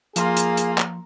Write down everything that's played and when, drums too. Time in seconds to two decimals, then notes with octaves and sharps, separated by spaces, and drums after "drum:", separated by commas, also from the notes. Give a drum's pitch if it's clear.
0.16 F3 A#3 F4 G#4 F5 C6, drum: hi-hat
0.37 drum: hi-hat
0.57 drum: hi-hat
0.78 drum: clap